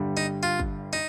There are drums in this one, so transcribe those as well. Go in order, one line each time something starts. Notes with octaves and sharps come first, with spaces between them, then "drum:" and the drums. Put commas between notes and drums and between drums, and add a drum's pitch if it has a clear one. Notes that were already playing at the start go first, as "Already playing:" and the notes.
Already playing: G1 G2 D3 G3
D#4
F4
drum: kick
D#4